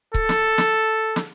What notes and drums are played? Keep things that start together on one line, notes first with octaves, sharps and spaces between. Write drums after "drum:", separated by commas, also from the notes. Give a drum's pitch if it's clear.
A4, drum: kick C#1
drum: snare
drum: snare
drum: snare